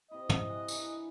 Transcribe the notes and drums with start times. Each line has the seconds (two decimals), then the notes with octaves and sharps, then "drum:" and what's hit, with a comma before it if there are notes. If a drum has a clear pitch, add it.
0.11 C3 E4 D#5
0.29 drum: tom
0.49 F#5 G#5
0.68 E3 D4 A#5, drum: tambourine